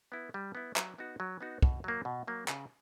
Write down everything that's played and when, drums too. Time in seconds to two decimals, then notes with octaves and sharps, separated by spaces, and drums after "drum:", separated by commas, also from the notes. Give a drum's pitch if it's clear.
0.12 B3 E4
0.34 G3
0.55 B3 E4
0.76 F#3, drum: clap
0.98 B3 D#4 F#4
1.20 F#3
1.41 B3 D#4 F#4
1.62 B2, drum: kick
1.84 F#3 A#3
2.05 B2
2.27 F#3 A#3
2.48 C#3, drum: clap